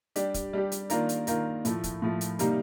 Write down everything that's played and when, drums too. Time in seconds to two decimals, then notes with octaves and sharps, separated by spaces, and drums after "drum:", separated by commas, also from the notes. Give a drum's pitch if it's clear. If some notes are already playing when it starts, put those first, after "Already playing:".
0.16 G3 D4 G4, drum: hi-hat
0.34 drum: kick, hi-hat
0.53 G3 D4 G4
0.72 drum: hi-hat
0.90 D#3 A#3 D4 F4 A#4, drum: hi-hat
1.09 drum: hi-hat
1.27 D#3 A#3 D4 F4 A#4, drum: hi-hat
1.65 A2 F3 A3, drum: hi-hat
1.84 drum: kick, hi-hat
2.02 A2 F3 A3
2.21 drum: hi-hat
2.39 C3 G3 A#3 D#4 A#4, drum: hi-hat